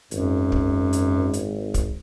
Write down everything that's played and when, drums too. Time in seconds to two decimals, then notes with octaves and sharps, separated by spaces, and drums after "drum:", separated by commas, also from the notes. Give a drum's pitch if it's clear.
0.11 G#1 F#2, drum: hi-hat
0.52 drum: kick
0.93 drum: hi-hat
1.33 drum: hi-hat
1.74 drum: kick, hi-hat